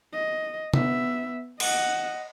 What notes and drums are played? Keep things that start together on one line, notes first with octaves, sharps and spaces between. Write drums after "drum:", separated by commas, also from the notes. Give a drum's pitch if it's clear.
D#5
B3 E5, drum: tom C3
D#5 F#5, drum: cymbal